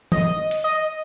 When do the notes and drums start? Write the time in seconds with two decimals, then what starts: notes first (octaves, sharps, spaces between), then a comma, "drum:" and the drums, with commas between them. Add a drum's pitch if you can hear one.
0.12 D#5, drum: tom E3
0.51 drum: hi-hat
0.64 D#5